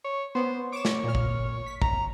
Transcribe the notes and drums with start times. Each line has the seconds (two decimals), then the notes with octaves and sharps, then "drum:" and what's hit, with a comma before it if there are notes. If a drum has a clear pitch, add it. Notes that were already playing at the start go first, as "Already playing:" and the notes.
0.05 C#5
0.35 B3 C5
0.73 C#5 D6 E7
0.85 drum: snare
1.04 A#2 F6
1.15 drum: kick
1.66 B6
1.82 A#5, drum: kick